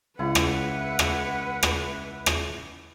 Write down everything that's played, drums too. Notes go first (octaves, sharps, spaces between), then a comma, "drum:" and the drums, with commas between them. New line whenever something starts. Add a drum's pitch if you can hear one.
C#2 E4 B4 F#5
drum: rim click
drum: rim click
drum: rim click
drum: rim click